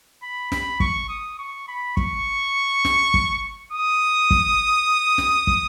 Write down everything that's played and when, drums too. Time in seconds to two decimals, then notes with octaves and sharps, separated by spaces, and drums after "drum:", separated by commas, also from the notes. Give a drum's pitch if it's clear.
0.22 B5
0.52 B5, drum: snare
0.80 C#6, drum: kick
1.09 D#6
1.38 C#6
1.68 B5
1.97 C#6, drum: kick
2.85 drum: snare
3.14 drum: kick
3.73 D#6
4.31 drum: kick
5.18 drum: snare
5.47 drum: kick